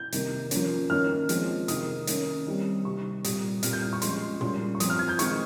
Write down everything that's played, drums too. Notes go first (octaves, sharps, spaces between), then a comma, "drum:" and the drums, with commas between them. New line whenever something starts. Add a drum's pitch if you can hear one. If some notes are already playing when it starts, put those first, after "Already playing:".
Already playing: G6
C3 D#3 A#3, drum: hi-hat
F3 A#3 C#4, drum: hi-hat
D#3 A#3 C#4 F6
F3 G#3 C4, drum: hi-hat
C3 D#3 A#3 D#6, drum: hi-hat
D#3 A#3 C#4, drum: hi-hat
D#3 G3 C4
C3 D#3 G3 C#6
A#2 G3 C4 D#6, drum: hi-hat
A#2 G3 C4 F6, drum: hi-hat
G6
F6
C#6
F3 G#3 C#4 C6, drum: hi-hat
A#2 G3 C#4 C6, drum: tom
C#6
F3 C4 D#6, drum: hi-hat
F6
G#6
G6
D#3 G#3 C4 C#6, drum: hi-hat